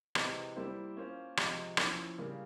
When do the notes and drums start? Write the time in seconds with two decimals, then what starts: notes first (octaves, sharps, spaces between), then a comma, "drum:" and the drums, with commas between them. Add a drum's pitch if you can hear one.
0.15 C3 E3 G#3, drum: rim click
0.56 G3 A#3 E4 G4 C5
0.97 A#3 C#4 F4 C5
1.37 C3 F3 G#3, drum: rim click
1.77 F3 A#3 C#4 E4, drum: rim click
2.18 C#3 G3 A#3 F4 A#4